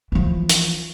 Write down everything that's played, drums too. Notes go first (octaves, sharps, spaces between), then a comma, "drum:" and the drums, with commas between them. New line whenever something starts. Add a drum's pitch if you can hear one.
E3 F3
drum: hi-hat